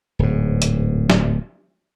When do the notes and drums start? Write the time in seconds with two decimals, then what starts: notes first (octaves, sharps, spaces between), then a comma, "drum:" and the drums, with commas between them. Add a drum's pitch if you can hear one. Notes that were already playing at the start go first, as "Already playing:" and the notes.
0.19 D1 G#2
0.62 drum: hi-hat
1.10 drum: snare